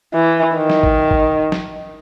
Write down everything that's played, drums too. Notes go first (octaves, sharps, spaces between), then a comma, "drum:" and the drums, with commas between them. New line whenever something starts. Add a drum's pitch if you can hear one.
E3
D#3
drum: snare
drum: kick G#1
drum: kick G#1
drum: snare